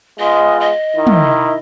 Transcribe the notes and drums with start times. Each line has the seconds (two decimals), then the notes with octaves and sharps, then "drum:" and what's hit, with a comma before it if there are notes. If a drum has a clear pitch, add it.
0.19 G#3 B3 F4 D#5
0.60 D#5
0.96 D#3 E4
1.07 drum: tom